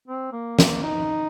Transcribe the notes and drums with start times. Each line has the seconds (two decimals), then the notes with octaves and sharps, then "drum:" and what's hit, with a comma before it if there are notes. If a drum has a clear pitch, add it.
0.08 C4
0.33 A#3
0.59 A#3, drum: snare
0.83 D#4